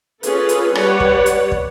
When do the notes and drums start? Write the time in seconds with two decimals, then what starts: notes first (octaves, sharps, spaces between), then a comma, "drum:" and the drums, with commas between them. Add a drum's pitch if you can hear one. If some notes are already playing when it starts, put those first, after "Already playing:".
0.23 C#4 F4 G#4 A4 B4, drum: hi-hat
0.49 drum: hi-hat
0.75 G3 B4 C#5 D5 F#5, drum: rim click
1.00 drum: kick
1.26 drum: hi-hat
1.52 drum: kick